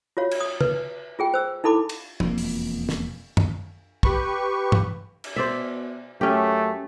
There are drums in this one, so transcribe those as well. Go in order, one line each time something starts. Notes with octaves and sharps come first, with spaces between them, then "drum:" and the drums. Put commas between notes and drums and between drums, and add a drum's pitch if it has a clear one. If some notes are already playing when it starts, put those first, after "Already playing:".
F4 F#4 C#5 F5
drum: cymbal
D#6
B4, drum: tom
F4 G#4 G5
C5 E6
D#4 E4 A4 B5 D6
drum: cymbal
E1 F2 A#3, drum: tom
drum: open hi-hat
drum: snare
drum: tom F#2
G4 B4 C#6, drum: kick
drum: tom
drum: cymbal
B2 C5 D5 E5
F#2 A3 C#4 G4